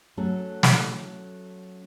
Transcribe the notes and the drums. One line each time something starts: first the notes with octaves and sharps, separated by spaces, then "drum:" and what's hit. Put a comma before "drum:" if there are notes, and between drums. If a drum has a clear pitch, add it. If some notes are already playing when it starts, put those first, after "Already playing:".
F#3 A3 C#4 F#4 A4
drum: snare